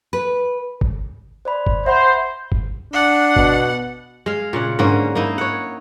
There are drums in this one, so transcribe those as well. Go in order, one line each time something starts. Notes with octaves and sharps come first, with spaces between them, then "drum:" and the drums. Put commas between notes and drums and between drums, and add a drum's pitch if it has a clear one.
B4
drum: kick G1
C5 D5 B5
drum: kick G1
C5 E5 F#5 B5
drum: kick G1
D4 F#5
B2, drum: kick G1
G#3 F5
A#2 C#3 F#5
G#2 D3 A#3 C#4
A#3 D#4 E4
C#5 F#5